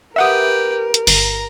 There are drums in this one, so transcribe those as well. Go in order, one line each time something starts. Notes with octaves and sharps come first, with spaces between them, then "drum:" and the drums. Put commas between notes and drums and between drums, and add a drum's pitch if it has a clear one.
G4 A#4 B4 E5 F#5 D#6
drum: hi-hat
G1 A#5, drum: open hi-hat